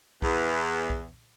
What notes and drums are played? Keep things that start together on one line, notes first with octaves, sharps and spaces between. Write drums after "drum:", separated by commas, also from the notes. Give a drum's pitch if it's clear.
E2, drum: kick B1
drum: kick B1